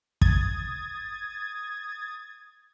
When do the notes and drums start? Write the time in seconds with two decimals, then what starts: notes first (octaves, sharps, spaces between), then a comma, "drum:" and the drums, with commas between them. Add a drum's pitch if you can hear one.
0.21 D#6 G#6 A6, drum: kick